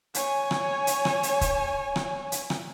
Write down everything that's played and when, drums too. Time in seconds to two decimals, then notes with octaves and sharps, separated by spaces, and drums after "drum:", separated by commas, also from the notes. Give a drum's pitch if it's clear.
0.14 C#5 G#5, drum: hi-hat
0.51 drum: rim click
0.87 drum: hi-hat
1.05 drum: rim click
1.23 drum: hi-hat
1.41 drum: kick C#1, hi-hat
1.96 drum: rim click
2.32 drum: hi-hat
2.50 drum: rim click